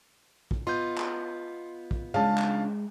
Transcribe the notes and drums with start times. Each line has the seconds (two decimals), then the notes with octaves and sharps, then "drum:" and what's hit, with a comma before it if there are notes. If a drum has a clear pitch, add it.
0.51 drum: kick
0.67 B3 F4 D#5 C6 G6
0.98 drum: clap
1.91 drum: kick
2.14 C#3 G#3 D4 F5 A5
2.38 drum: clap